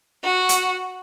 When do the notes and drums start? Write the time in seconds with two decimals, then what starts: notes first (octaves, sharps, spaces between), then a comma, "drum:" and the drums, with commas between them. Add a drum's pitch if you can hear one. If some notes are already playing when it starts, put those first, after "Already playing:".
0.24 F#4
0.49 drum: hi-hat